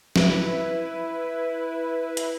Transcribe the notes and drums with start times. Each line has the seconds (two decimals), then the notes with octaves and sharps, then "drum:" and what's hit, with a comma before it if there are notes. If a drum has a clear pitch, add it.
0.16 E4 B4, drum: snare
2.17 drum: hi-hat